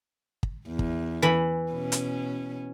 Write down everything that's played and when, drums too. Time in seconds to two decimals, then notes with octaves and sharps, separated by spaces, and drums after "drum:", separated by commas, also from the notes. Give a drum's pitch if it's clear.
0.43 drum: kick
0.67 E2
0.79 drum: kick
1.22 E3 B5
1.72 B2 C#4
1.92 drum: hi-hat